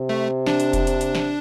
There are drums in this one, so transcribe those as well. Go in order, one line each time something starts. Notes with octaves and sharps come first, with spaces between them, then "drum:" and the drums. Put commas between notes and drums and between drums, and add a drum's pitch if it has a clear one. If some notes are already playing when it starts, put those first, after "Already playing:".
Already playing: C3
A3
D4, drum: snare
drum: hi-hat
drum: kick F1, hi-hat
drum: hi-hat
drum: hi-hat
drum: snare